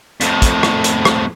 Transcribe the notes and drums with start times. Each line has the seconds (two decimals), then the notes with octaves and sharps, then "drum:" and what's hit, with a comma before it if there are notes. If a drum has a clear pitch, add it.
0.21 F2 A2, drum: hi-hat
0.42 drum: kick, hi-hat
0.63 drum: rim click
0.84 drum: hi-hat
1.05 drum: rim click